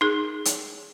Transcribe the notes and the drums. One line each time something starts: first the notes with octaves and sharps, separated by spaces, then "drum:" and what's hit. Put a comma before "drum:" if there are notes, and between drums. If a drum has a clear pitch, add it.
D#4 G#4
drum: hi-hat